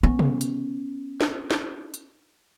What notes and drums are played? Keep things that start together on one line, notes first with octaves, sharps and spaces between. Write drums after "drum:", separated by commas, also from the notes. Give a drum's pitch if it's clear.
B3 C#4
drum: tom C3
drum: hi-hat
drum: snare
drum: snare
drum: hi-hat